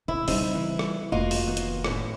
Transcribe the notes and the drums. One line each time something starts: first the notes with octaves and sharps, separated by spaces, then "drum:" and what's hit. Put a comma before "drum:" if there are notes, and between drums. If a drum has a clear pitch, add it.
D3 E4
C#3 G3 C4 D#4, drum: open hi-hat
E3
drum: rim click
F1 A#3 F4 F#4 D#5
drum: open hi-hat
D#3 B3
drum: hi-hat
F#2 A2, drum: rim click